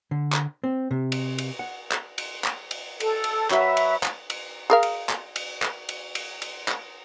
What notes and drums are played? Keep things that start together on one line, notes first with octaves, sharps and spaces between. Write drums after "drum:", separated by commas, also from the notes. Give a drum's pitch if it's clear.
D3
drum: clap
C4
C3
drum: cymbal
drum: cymbal
F#5
drum: clap
drum: cymbal
drum: clap
drum: cymbal
A4, drum: cymbal
drum: cymbal
F#3 B4 E5, drum: clap
drum: cymbal
drum: clap
drum: cymbal
G#4 A#4 F5
drum: cymbal
drum: clap
drum: cymbal
drum: clap
drum: cymbal
drum: cymbal
drum: cymbal
drum: clap